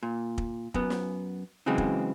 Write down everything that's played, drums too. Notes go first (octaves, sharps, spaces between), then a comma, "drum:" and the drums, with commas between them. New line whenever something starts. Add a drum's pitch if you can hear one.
A#2
drum: kick
F#2 B3, drum: kick
drum: snare
C#3 E3 F#3 G#3 C4
drum: kick